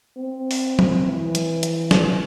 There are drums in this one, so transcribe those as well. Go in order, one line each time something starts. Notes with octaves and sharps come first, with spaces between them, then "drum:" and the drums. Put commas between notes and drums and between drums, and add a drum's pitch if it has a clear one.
C4
drum: open hi-hat
drum: tom F3
E3
drum: hi-hat
drum: hi-hat
drum: snare